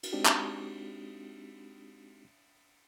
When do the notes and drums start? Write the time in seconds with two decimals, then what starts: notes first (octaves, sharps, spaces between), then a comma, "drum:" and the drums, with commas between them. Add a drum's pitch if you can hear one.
0.03 drum: cymbal
0.13 G#3 C4 D4 D#4 F#4 G4
0.25 drum: clap